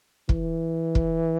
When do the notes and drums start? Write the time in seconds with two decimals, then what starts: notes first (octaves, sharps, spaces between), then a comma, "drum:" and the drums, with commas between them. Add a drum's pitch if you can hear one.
0.29 E3, drum: kick
0.95 drum: kick